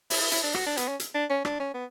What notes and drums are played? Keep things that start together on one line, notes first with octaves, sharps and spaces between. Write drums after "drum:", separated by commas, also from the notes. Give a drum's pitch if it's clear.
E4, drum: open hi-hat
E4
E4, drum: hi-hat
D4
F#4, drum: rim click
D4
B3, drum: hi-hat
C#4
drum: hi-hat
D4
C#4
D4, drum: rim click
C#4
B3